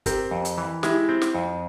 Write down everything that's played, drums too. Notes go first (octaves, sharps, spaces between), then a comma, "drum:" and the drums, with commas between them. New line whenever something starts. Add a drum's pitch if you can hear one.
C4 G4 A#4, drum: kick, hi-hat
F2
drum: hi-hat
E3
G#3 E4 G4, drum: snare
C4
drum: snare
F2